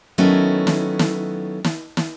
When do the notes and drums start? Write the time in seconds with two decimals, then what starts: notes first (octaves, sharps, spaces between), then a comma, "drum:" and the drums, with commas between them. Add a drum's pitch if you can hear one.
0.18 D#3 F#3 A3 B3 C#4 E4
0.67 drum: snare
0.99 drum: snare
1.64 drum: snare
1.97 drum: snare